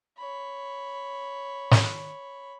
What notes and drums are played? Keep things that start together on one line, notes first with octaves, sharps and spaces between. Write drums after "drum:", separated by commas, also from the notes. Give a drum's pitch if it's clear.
C#5 B5
drum: snare